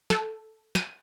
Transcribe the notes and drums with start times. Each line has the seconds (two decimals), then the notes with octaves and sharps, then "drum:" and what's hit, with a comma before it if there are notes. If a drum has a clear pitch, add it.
0.10 A4, drum: snare
0.75 D#7, drum: snare